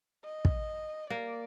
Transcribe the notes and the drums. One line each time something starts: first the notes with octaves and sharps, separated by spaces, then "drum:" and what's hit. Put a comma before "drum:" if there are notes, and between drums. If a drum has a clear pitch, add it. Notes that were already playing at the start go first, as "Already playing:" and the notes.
D#5
drum: kick
A#3 D5